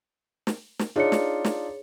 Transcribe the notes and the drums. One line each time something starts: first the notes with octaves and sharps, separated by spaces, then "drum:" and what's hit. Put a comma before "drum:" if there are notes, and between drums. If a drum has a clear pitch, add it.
drum: snare
drum: snare
D4 D#4 F4 G#4 C#5 C#7
drum: snare
drum: snare